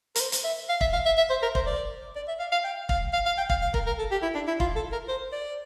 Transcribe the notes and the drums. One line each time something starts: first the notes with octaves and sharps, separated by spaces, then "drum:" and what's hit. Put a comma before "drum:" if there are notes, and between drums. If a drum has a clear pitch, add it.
A#4, drum: hi-hat
C5
drum: hi-hat
E5
F5
E5, drum: kick
F5
E5
E5
C5
A#4
C5, drum: kick
D5
D5
E5
F5
F5
G5
F5, drum: kick
F5
F5
G5
F5, drum: kick
F5
A#4, drum: kick
A#4
A4
G4
E4
D4
E4
F4, drum: kick
A4
A#4
C5
D5